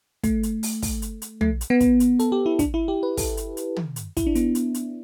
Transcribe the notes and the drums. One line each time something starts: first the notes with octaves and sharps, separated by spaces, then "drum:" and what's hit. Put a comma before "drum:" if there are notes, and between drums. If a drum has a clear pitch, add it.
A3, drum: kick, hi-hat
drum: hi-hat
drum: open hi-hat
drum: kick, open hi-hat
drum: hi-hat
drum: hi-hat
A3, drum: tom
drum: hi-hat
B3
drum: kick, hi-hat
drum: hi-hat
A4, drum: hi-hat
G4
E4
D4, drum: kick, hi-hat
E4
G4
B4
A4, drum: kick, open hi-hat
drum: hi-hat
drum: hi-hat
drum: tom
drum: hi-hat
E4, drum: kick, hi-hat
D4
B3, drum: hi-hat
drum: hi-hat
drum: hi-hat